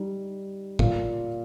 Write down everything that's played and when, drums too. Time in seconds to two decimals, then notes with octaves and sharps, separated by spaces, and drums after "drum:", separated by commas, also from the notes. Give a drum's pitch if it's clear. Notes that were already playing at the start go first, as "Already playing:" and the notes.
Already playing: G3 D#4
0.79 A#2 A#3 F4, drum: kick